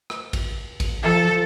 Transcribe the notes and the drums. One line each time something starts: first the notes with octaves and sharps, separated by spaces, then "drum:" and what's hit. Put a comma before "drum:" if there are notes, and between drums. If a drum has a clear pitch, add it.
drum: rim click
drum: kick A1, cymbal
drum: kick A1, cymbal
F3 A4